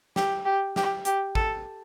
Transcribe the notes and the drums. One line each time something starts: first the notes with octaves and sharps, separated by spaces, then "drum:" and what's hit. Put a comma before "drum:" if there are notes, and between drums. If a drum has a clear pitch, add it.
G4, drum: snare
G4
G4, drum: snare
G4, drum: hi-hat
A4, drum: kick